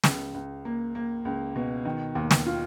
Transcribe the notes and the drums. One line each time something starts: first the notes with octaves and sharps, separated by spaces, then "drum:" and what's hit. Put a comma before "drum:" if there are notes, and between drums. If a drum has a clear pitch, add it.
C#2, drum: snare
C#2
A#3
A#3
C#2
B2
D#3
D#2
drum: snare
F4